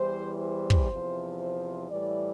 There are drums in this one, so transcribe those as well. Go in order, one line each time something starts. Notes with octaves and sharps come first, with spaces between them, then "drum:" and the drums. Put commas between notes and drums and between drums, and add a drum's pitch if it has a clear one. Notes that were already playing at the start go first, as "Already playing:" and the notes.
Already playing: E2 E3 G3 C5
C5
drum: kick
E2 C3 F3
C5
A2 E3 G3 D5